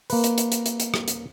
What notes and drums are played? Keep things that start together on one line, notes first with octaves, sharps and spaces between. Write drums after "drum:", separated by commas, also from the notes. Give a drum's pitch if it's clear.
A#3 B4, drum: open hi-hat
drum: hi-hat
drum: hi-hat
drum: hi-hat
drum: hi-hat
drum: hi-hat
drum: rim click
drum: hi-hat